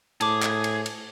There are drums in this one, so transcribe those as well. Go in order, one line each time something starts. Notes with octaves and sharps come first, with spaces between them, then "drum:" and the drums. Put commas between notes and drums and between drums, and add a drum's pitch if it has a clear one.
A2 G#4 A5 D6, drum: cymbal
drum: clap
drum: cymbal
drum: cymbal